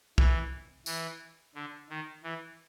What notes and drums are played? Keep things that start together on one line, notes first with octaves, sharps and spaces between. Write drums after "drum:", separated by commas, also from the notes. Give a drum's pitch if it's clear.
E3, drum: kick
E3, drum: tambourine
D3
D#3
E3